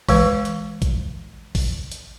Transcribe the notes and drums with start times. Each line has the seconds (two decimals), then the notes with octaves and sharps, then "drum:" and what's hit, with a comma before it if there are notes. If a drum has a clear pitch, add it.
0.09 E3 G#3 B4, drum: kick, open hi-hat
0.45 drum: hi-hat
0.82 drum: kick, hi-hat
1.55 drum: kick, open hi-hat
1.91 drum: hi-hat